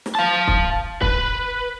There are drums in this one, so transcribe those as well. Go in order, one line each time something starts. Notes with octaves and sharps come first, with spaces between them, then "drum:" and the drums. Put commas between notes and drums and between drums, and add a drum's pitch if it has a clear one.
drum: snare
F5 A5
drum: kick
B4, drum: kick